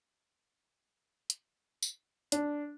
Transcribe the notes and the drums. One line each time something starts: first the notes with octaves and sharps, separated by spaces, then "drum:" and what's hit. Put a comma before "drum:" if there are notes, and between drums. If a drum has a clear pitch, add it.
drum: hi-hat
drum: tambourine
D4, drum: hi-hat